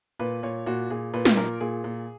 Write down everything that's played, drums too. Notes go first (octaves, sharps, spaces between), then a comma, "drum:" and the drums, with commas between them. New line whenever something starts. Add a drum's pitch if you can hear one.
A#2 B4
A#2 C#5
A#2 F#4
A#2 G#4
A#2 B4
drum: snare
A#2 A#4
A#2 G#4
A#2